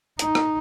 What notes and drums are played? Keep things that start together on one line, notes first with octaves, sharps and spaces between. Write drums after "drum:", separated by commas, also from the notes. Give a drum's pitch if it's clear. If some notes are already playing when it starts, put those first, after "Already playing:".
D#4, drum: hi-hat
drum: rim click